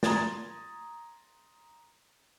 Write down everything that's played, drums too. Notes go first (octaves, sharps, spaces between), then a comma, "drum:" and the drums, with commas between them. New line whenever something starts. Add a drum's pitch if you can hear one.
A#5 C6 D#6 G#6 A6, drum: snare